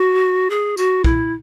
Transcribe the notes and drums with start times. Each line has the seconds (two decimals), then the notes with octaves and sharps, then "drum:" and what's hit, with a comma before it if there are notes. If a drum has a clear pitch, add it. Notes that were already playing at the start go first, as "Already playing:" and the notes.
Already playing: F#4
0.50 G#4
0.77 F#4, drum: tambourine
1.04 E4, drum: kick B1